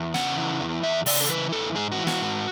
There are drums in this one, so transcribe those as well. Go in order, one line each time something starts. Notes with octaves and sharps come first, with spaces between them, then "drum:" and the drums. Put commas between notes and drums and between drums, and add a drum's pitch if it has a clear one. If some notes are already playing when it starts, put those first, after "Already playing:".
Already playing: E2
C#3 F#5, drum: snare
E3
E2
E2 E5
C#3 D5, drum: open hi-hat
A4
E3 B4
E2 A4
G#2 G#4
F#4
E3
F#4, drum: snare
G#2